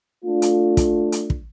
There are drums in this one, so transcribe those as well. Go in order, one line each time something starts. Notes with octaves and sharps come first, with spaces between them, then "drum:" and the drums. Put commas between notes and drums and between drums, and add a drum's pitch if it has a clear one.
A3 D4 F4
drum: hi-hat
drum: kick, hi-hat
drum: hi-hat
drum: kick